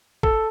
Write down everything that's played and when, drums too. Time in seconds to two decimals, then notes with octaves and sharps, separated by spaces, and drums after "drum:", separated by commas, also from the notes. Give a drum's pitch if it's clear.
0.23 A4, drum: kick